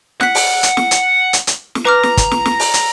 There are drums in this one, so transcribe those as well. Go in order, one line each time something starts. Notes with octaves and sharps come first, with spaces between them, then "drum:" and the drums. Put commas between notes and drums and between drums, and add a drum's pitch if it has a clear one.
F#5 F#6 B6, drum: snare
drum: open hi-hat
drum: hi-hat
drum: snare
drum: hi-hat
drum: hi-hat
drum: hi-hat
drum: snare
B4 A#5 D6 F6
drum: snare
drum: kick, hi-hat
drum: snare
drum: snare
drum: open hi-hat
drum: hi-hat